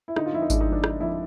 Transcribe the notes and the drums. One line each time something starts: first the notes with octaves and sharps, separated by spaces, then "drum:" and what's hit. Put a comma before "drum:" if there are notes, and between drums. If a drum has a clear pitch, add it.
E4
D3 D#4, drum: rim click
F4
F2 E4
D#4
G#3 D4, drum: kick G#1, tambourine
D#4
F3
D4
D3 D#4, drum: rim click
F2 E4